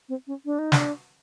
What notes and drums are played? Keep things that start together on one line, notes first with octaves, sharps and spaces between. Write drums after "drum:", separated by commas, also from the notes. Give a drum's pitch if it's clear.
C4
C#4
D4
D#4
D4, drum: snare